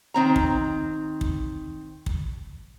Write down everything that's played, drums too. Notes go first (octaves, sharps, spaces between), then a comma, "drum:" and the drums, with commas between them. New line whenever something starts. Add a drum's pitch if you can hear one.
D#3 C4 A#5
drum: kick
drum: kick
drum: kick